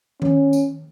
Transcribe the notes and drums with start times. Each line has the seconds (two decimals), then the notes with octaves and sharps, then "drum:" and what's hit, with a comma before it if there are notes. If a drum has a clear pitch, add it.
0.22 C#4, drum: tom D#3
0.53 drum: tambourine